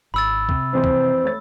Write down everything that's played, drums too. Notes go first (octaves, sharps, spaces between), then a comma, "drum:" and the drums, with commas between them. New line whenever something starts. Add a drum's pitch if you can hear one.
G#1 B5 E6 A6
C3, drum: kick
F2 E3 C4 C5
drum: kick
A3 C#5 A6